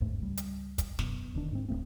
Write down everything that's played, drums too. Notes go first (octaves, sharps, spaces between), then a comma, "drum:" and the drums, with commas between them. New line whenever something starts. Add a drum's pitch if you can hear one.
G1 D#2 G#2 A3
C#2 G3
drum: hi-hat
drum: kick, hi-hat
E1 F#2 B2, drum: snare
D#1 D2 D#3 D4
G#2 C4
D1 E2 A3 C4